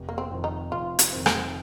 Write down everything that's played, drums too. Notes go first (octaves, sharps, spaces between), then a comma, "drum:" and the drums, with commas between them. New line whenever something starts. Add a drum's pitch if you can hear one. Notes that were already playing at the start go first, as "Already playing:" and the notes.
Already playing: F1
A#3
C4
F2 D#3 C4
D#4
F1 F4
drum: hi-hat
F2 D#3 C4
drum: rim click